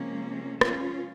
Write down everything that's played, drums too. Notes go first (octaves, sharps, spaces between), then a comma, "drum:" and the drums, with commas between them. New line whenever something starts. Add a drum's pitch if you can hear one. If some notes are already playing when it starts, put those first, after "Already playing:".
Already playing: C3 F3 G#3 A#3 C#4
C#4 F4, drum: rim click